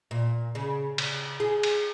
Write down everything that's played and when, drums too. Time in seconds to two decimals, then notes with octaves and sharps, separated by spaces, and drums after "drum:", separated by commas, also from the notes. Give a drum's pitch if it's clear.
0.11 A#2
0.55 C#3
0.98 C#3, drum: cymbal
1.40 G#4
1.63 drum: cymbal